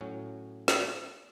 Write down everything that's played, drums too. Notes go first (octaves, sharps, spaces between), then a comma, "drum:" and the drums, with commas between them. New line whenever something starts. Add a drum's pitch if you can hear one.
A2 F#3 C#4
drum: snare